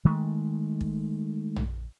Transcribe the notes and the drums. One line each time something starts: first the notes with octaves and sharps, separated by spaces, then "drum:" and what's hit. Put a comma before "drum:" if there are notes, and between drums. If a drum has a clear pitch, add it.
D#3 G#3 A3
drum: kick
drum: tom A#1